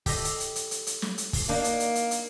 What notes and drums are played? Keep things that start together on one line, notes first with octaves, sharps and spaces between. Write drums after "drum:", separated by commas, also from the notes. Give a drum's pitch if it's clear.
G4 A4 D#5, drum: kick, open hi-hat
drum: hi-hat
drum: hi-hat
drum: hi-hat
drum: hi-hat
drum: hi-hat
drum: snare
drum: hi-hat
drum: kick, open hi-hat
A#3 D4 D#4
drum: hi-hat
drum: hi-hat
drum: hi-hat
drum: hi-hat